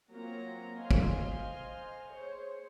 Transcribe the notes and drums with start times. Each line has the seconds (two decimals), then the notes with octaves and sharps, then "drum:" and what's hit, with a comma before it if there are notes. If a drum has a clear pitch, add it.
0.11 F#3 A#3 C4 F4 C#5 A#5
0.81 C5 D#5 F5 G#5 C6
0.91 drum: kick
2.10 G#4 C5 C#5